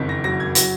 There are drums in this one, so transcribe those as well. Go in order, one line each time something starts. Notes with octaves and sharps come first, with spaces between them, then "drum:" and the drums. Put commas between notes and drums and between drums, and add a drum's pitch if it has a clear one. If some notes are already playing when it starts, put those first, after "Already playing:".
Already playing: F#1 F2 D#3 B6
A#6
F#3 A#6
G#6
F#3 A#6, drum: hi-hat